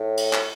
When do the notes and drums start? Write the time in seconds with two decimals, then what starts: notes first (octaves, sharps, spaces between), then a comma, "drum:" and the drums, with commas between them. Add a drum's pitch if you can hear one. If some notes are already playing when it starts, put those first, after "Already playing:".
Already playing: A2
0.17 drum: cymbal
0.33 drum: clap